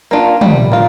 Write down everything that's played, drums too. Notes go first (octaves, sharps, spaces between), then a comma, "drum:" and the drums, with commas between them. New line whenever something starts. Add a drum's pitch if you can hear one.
A#3 D4 F4
G3, drum: tom
A#3 F4